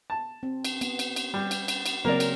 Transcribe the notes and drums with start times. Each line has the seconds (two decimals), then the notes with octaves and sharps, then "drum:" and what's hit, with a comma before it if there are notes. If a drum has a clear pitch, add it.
0.10 A5
0.43 C4
0.65 drum: cymbal
0.81 B3, drum: cymbal
0.99 drum: cymbal
1.16 drum: cymbal
1.34 G3
1.51 drum: cymbal
1.68 drum: cymbal
1.86 drum: cymbal
2.05 C#3 F#3 A#3 C4 A#4 D5
2.20 drum: cymbal